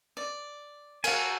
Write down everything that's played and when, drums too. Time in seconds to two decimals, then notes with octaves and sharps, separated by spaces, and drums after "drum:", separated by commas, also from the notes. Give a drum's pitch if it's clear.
0.17 D5
1.04 F#4 A#4 F5 G#5 A5, drum: cymbal